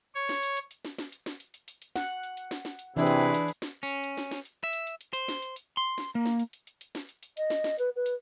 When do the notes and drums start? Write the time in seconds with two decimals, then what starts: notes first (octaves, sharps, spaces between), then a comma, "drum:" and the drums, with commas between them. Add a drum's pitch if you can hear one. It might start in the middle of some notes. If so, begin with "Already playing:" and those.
0.15 C#5
0.29 drum: snare
0.43 drum: hi-hat
0.57 drum: hi-hat
0.71 drum: hi-hat
0.85 drum: snare
0.98 drum: snare
1.12 drum: hi-hat
1.26 drum: snare
1.40 drum: hi-hat
1.54 drum: hi-hat
1.68 drum: hi-hat
1.82 drum: hi-hat
1.96 F#5, drum: snare
2.23 drum: hi-hat
2.37 drum: hi-hat
2.51 drum: snare
2.65 drum: snare
2.79 drum: hi-hat
2.97 C3 E3 D4 E4 G#4 B4
3.07 drum: hi-hat
3.20 drum: hi-hat
3.34 drum: hi-hat
3.48 drum: hi-hat
3.62 drum: snare
3.83 C#4
4.04 drum: hi-hat
4.17 drum: snare
4.31 drum: snare
4.45 drum: hi-hat
4.64 E5
4.73 drum: hi-hat
4.87 drum: hi-hat
5.01 drum: hi-hat
5.13 C5, drum: hi-hat
5.28 drum: snare
5.42 drum: hi-hat
5.56 drum: hi-hat
5.77 C6
5.98 drum: snare
6.15 A#3
6.26 drum: snare
6.39 drum: hi-hat
6.53 drum: hi-hat
6.67 drum: hi-hat
6.81 drum: hi-hat
6.95 drum: snare
7.09 drum: hi-hat
7.23 drum: hi-hat
7.37 D#5, drum: hi-hat
7.50 drum: snare
7.64 drum: snare
7.78 B4, drum: hi-hat
7.96 B4
8.06 drum: hi-hat